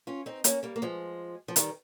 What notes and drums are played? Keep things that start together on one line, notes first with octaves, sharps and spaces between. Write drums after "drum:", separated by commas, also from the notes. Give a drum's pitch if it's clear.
C#4 F4
C4 D#4
A#3 C#4, drum: hi-hat
G3 A#3
A#3
F3 G#3
F3
D#3 G3, drum: hi-hat